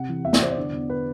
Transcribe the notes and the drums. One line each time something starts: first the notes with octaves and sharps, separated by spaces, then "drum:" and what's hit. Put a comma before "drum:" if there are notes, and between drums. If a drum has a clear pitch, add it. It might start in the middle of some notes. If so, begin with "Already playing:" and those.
Already playing: C3 F#5
E3
E2 E5
D5, drum: snare
E2 C5
D5
D3
E2
D3 B4